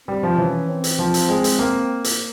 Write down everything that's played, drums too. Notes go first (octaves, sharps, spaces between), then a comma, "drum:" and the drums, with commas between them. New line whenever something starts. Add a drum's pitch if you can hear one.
G3 C4
F3
E3 C#4
C4
drum: hi-hat
F3
drum: hi-hat
G#3
drum: hi-hat
A#3
drum: hi-hat